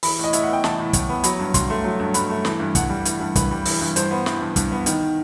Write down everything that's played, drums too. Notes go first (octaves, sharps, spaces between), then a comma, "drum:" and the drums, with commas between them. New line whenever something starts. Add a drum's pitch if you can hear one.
E3 B5, drum: open hi-hat
A2 D#5
A2 E5, drum: hi-hat
F#5
B3 G5
E3 A5, drum: snare
A2
A2, drum: kick, hi-hat
B3
F#3 B5, drum: hi-hat
G2
G2 C6, drum: kick, hi-hat
A3
F#3
G2
G2 B5, drum: hi-hat
A3
E3, drum: snare
G2
G2 F#5, drum: kick, hi-hat
G3
E3, drum: hi-hat
G2
G2 B4, drum: kick, hi-hat
G3
E3, drum: open hi-hat
G2
G2 C5, drum: hi-hat
B3
E3, drum: snare
G2
G2, drum: kick, hi-hat
B3
D#3, drum: hi-hat